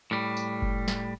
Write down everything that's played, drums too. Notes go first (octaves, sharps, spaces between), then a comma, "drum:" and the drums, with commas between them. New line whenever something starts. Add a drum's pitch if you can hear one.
A2 G3
drum: tambourine
drum: kick F#1
drum: snare